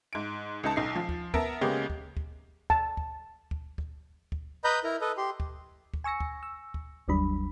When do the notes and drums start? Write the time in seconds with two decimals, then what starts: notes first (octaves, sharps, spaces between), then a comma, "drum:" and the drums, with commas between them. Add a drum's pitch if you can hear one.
0.13 G#2 D7
0.63 C#2 D#4 A5
0.76 B1 D#4 C7
0.95 F3
1.09 drum: kick
1.34 B3 A#4 E5 A5 D7, drum: kick
1.61 C#3 G#3 A#3 B3 G4
1.90 drum: kick
2.17 drum: kick
2.70 A5, drum: kick
2.97 drum: kick
3.51 drum: kick
3.78 drum: kick
4.32 drum: kick
4.64 B4 D#5 A#5 B5 G6
4.84 E4 A#4 A#5
5.01 A4 B4 D#5
5.17 G4 C6
5.40 drum: kick
5.94 drum: kick
6.04 G#5 C#6 E6 A#6 C#7
6.20 drum: kick
6.43 E6
6.74 drum: kick
7.08 G1 D#2 F#3 G3 D4 B5